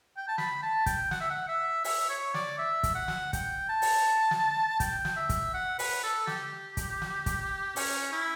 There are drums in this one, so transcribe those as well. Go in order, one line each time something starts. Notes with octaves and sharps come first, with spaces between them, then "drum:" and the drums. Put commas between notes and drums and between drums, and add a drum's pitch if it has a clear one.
G5
A5
B5, drum: snare
A5
G5, drum: kick, hi-hat
F#5, drum: snare
E5
F#5
E5
E5, drum: open hi-hat
C#5
D5, drum: snare
E5
drum: kick, hi-hat
F#5
drum: snare
G5, drum: kick, hi-hat
A5
drum: open hi-hat
drum: snare
G5, drum: kick, hi-hat
drum: snare
E5
drum: kick, hi-hat
F#5
B4, drum: open hi-hat
A4
G4, drum: snare
drum: kick, hi-hat
drum: snare
drum: kick, hi-hat
C#4, drum: open hi-hat
E4